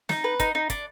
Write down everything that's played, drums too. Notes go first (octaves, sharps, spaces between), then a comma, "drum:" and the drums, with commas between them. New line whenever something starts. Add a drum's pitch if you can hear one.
D#4, drum: snare
B4
D#4, drum: kick, hi-hat
D#4
D4, drum: kick, hi-hat